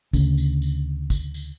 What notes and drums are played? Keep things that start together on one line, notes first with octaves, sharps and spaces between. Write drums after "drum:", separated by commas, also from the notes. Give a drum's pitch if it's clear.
D2 C#3, drum: kick, tambourine
drum: tambourine
drum: tambourine
drum: kick, tambourine
drum: tambourine